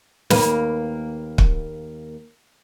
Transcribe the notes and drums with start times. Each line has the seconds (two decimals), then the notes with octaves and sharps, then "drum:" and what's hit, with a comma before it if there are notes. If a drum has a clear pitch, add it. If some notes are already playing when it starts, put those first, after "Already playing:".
0.30 D#2 A#3 B4, drum: snare
1.38 drum: kick